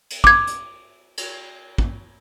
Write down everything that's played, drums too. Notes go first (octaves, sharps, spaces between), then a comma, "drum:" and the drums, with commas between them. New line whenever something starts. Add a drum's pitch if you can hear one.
drum: cymbal
D6 G#6, drum: kick
drum: hi-hat
drum: cymbal
drum: kick